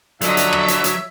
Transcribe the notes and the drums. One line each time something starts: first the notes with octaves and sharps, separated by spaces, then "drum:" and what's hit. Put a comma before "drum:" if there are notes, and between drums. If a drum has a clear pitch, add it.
D3 F3 F#3 D#5 E5, drum: hi-hat
drum: hi-hat
drum: rim click
drum: hi-hat
drum: hi-hat